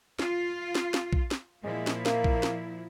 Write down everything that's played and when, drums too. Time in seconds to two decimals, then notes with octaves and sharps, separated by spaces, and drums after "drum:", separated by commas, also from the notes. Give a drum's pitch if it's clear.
0.19 F4, drum: snare
0.75 drum: snare
0.94 drum: snare
1.13 drum: kick
1.31 drum: snare
1.64 A#2 F3 G#3 E4
1.87 drum: snare
2.06 A#3, drum: snare
2.24 drum: kick
2.43 drum: snare